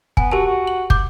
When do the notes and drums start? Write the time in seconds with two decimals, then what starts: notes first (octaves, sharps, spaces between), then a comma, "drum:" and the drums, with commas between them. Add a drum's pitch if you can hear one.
0.17 B3 G#5, drum: kick
0.32 F#4 G4 A#4 A5
0.46 F#4
0.67 F#7
0.90 D6 G6, drum: kick